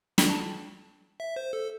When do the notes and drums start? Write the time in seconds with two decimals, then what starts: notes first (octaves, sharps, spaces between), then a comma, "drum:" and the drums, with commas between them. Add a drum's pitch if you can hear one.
0.18 G5, drum: snare
0.29 A5
1.20 E5
1.36 C5
1.53 A4